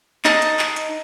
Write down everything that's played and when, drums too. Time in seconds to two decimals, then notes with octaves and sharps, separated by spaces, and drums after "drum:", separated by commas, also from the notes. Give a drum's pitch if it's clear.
0.25 D#4 D#5 A5, drum: clap
0.42 drum: hi-hat
0.59 drum: clap
0.76 drum: hi-hat